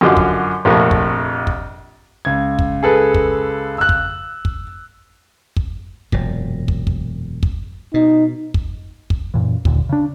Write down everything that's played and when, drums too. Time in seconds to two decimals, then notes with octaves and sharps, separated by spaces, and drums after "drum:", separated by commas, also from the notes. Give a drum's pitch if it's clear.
0.01 F#2 D3 F#3 F4 G4 D#5
0.17 drum: kick
0.65 A#1 F2 C3 F3 A3 A#3
0.91 drum: kick
1.47 drum: kick
2.25 C#2 G#6
2.59 drum: kick
2.83 G#4 A4 B4
3.14 drum: kick
3.78 E6 F#6
3.89 drum: kick
4.45 drum: kick
5.56 drum: kick
6.12 E1 F#2 A#2, drum: kick
6.68 drum: kick
6.87 drum: kick
7.43 drum: kick
7.94 B2 D#4
8.54 drum: kick
9.10 drum: kick
9.34 F#2 A#2 E3
9.65 D#2 A#2 D3, drum: kick
9.89 C#3 D4